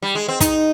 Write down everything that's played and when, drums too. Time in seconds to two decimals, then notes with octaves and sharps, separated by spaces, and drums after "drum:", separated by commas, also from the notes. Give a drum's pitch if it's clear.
0.02 G3
0.15 G#3
0.28 C4
0.40 D#4, drum: kick, hi-hat